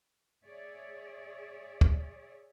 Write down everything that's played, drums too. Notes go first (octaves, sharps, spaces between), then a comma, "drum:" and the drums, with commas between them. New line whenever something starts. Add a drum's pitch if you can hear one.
G#4 C#5 D5 E5
drum: kick